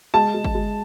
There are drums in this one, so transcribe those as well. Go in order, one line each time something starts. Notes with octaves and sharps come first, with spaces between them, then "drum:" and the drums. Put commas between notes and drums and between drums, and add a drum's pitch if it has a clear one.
G#3 A5
G#3
drum: kick
G#3